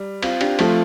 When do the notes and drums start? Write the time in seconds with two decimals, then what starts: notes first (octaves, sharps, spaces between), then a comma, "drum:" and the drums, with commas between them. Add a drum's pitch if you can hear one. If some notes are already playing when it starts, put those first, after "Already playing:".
Already playing: G3
0.23 C4 F4, drum: cymbal
0.41 D4 G4, drum: cymbal
0.59 F3 A3 C4 F4, drum: cymbal